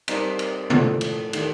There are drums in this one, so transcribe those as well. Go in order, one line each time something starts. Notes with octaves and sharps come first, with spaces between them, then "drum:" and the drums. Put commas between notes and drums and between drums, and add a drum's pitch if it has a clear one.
G3 C4 D#4 A#4 D5, drum: cymbal
drum: cymbal
A2 F3 A3 D4, drum: tom B2
drum: cymbal
D#3 A3 D4 G4, drum: cymbal